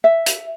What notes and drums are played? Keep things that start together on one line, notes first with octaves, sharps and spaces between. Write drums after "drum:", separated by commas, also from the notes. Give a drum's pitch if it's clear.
E5
drum: hi-hat